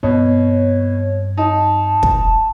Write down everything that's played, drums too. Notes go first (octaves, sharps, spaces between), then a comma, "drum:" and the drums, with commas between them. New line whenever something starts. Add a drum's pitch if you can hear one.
G2 B2 C4 C#5
D#4 A5
drum: kick